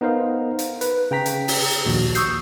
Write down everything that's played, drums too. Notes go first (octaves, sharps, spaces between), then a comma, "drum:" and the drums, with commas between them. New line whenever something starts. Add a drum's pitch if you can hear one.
B3 D#4 A#4 C5 F5
drum: hi-hat
B4, drum: hi-hat
C#3 G5 A#5 B6
drum: hi-hat
drum: open hi-hat
drum: hi-hat
A#1 D#2 F#4
C#6 D#6 E6 G6 C7, drum: hi-hat